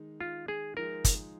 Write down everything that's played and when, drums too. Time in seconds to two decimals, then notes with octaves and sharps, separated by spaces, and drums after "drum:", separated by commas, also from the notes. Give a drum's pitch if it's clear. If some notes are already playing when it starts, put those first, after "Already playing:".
Already playing: D#3 G#3 D#4
0.21 F4
0.48 G#4
0.77 F3 G#3 D#4 G#4 A#4
1.05 drum: kick, hi-hat